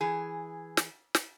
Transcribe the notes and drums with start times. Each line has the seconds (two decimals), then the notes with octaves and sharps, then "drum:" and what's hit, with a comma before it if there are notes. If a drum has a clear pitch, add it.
0.01 E3 G#4
0.77 drum: snare
1.15 drum: snare